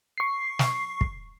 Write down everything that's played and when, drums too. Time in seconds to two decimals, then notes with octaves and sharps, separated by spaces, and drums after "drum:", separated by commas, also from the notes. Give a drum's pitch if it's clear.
0.18 C#6 C7
0.59 drum: snare
1.01 drum: kick